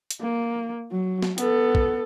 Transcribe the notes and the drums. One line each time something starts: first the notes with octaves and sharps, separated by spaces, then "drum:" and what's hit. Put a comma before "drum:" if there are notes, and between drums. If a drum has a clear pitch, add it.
drum: hi-hat
A#3
F#3
drum: snare
B3 A4, drum: hi-hat
drum: kick